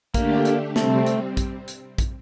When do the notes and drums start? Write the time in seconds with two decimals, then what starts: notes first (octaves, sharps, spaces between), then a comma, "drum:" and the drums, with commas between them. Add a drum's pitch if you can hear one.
0.14 D3 A3 A#3 D4 G4, drum: kick, hi-hat
0.45 drum: hi-hat
0.76 C3 G3 A3 C4, drum: snare
1.07 drum: hi-hat
1.37 drum: kick, hi-hat
1.68 drum: hi-hat
1.98 drum: kick, hi-hat